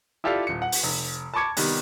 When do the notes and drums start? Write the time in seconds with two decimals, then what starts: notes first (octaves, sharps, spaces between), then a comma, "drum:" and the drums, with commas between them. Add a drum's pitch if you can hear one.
0.24 E4 F4 G4 A4 D5 F5
0.47 D#1 C#7
0.62 F#5
0.72 drum: open hi-hat
0.83 F1
1.34 A5 B5 C#6 D6 G#6 C#7
1.57 C3 D#3 G3 B3, drum: open hi-hat